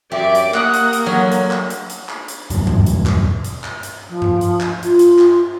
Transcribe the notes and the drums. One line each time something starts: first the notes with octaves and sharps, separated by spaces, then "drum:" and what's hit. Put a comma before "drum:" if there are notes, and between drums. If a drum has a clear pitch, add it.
F#2 G4 D5 E5 D6
drum: hi-hat
A#3 F#5 D#6, drum: clap
drum: hi-hat
drum: hi-hat
D3 F#3 G#3 F#4 C#5
drum: hi-hat
drum: clap
drum: hi-hat
drum: hi-hat
drum: clap
drum: hi-hat
E1 D2 G2 F#3, drum: hi-hat
drum: tom G2
drum: hi-hat
drum: clap
drum: hi-hat
drum: clap
drum: hi-hat
F3
drum: tom G2
drum: hi-hat
drum: clap
F4, drum: hi-hat
drum: hi-hat
drum: clap